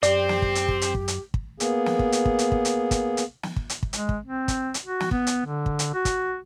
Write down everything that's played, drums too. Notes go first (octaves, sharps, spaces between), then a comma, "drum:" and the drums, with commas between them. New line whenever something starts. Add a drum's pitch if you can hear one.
F#2 C4 G4 D5, drum: hi-hat
drum: snare
drum: kick
drum: hi-hat
drum: kick
drum: hi-hat
drum: kick
drum: hi-hat
drum: kick
A#3 B3 G#4, drum: hi-hat
drum: snare
drum: kick
drum: hi-hat
drum: kick
drum: hi-hat
drum: kick
drum: hi-hat
drum: kick, hi-hat
drum: hi-hat
drum: snare
drum: kick
drum: hi-hat
drum: kick
G#3, drum: hi-hat
drum: kick
C4
drum: kick, hi-hat
drum: hi-hat
F#4
drum: snare
B3, drum: kick
drum: hi-hat
D3
drum: kick
drum: hi-hat
F#4
drum: kick, hi-hat